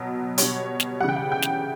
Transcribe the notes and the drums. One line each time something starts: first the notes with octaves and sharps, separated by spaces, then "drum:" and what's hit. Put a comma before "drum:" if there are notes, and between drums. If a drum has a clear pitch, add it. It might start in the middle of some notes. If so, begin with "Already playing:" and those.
Already playing: B2 F#3
B2 G3 C#5, drum: hi-hat
drum: snare
C#3 E3 G3 F#5
G5
F#5
G5
drum: snare